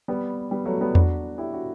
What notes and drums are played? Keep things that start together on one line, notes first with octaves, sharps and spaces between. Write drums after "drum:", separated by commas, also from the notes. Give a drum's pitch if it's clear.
G3 B3
G3 B3
F#3 A3
G3 B3
D4 F#4, drum: tom E2
E4 G4
D4 F#4